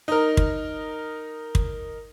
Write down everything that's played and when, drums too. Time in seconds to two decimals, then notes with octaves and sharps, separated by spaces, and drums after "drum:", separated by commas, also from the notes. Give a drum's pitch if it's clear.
0.08 D#4 A#4
0.37 drum: kick
1.55 drum: kick